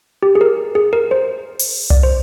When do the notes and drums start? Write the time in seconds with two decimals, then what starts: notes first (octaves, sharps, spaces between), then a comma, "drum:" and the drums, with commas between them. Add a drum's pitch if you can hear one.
0.23 G4
0.35 G#4
0.41 A#4
0.75 G#4
0.93 A#4
1.11 C5
1.59 drum: open hi-hat
1.90 D5, drum: tom C2
2.03 C5